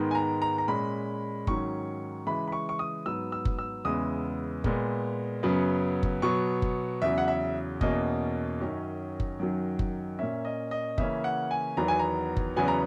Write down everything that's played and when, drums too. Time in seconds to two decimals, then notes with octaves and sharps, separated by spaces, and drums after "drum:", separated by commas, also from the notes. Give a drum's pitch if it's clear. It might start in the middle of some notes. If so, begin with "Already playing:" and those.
Already playing: G#2 D#3 G#3 B3
0.11 G#5
0.15 A#5
0.42 A#5
0.58 A#5
0.68 A#2 G#3 C#4 B5
1.47 G#2 D#3 F#3 C#4 C#6, drum: kick F#1
2.26 C#3 E3 G#3 B5
2.48 B5
2.52 C#6
2.69 C#6
2.79 D#6
3.05 G#2 F#3 B3 E6
3.32 E6
3.45 drum: kick F#1
3.59 E6
3.85 E2 C#3 G#3 B3 D#6
4.64 A#2 G#3 B3, drum: kick F#1
5.43 F#2 C#3 F#3 B3
6.03 drum: kick F#1
6.22 B2 F#3 B3 C#6
6.62 drum: kick F#1
7.02 E2 C#3 F#3 E5
7.18 F#5
7.28 E5
7.81 E2 B2 A#3 C#4 D#5, drum: kick F#1
8.60 F#2 D#3 F#3 C#4
9.20 drum: kick F#1
9.40 F#2 D#3 F#3
9.79 drum: kick F#1
10.19 A#2 A#3 C#4 E5
10.45 D#5
10.71 D#5
10.98 C#3 E3 A#3 C#4 E5, drum: kick F#1
11.24 F#5
11.51 G#5
11.77 E2 D#3 F#3 B3 A#5
11.88 G#5
11.99 A#5
12.37 drum: kick F#1
12.56 E2 C#3 F#3 B3 G#5
12.68 A#5